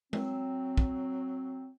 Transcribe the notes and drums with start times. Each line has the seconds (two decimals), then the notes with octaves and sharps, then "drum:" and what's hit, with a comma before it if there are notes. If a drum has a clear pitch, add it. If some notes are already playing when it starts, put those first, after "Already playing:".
0.13 F#3 C4, drum: tom G#3
0.77 drum: kick